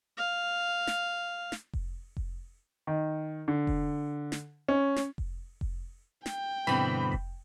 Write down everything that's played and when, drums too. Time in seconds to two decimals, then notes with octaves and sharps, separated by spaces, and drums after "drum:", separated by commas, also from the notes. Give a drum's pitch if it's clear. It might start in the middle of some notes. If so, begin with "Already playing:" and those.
0.18 F5
0.87 drum: snare
1.52 drum: snare
1.73 drum: kick F1
2.17 drum: kick F1
2.87 D#3
3.48 D3
3.67 drum: kick F1
4.32 drum: snare
4.68 C#4
4.96 drum: snare
5.18 drum: kick F1
5.61 drum: kick F1
6.26 G5, drum: snare
6.67 G2 B2 D3 E3 C4 B5
7.12 drum: kick F1